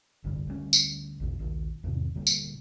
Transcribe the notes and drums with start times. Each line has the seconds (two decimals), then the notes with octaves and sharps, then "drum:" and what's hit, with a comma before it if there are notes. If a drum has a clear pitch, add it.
0.24 F1 C2 G2 D3
0.47 D2 G3 A#3 C#4
0.73 drum: tambourine
1.20 A#1 E2 B2
1.40 A#1 D#2
1.84 E2 G#2 C3 D#3
2.15 D2 A#2 G3 A#3
2.27 drum: tambourine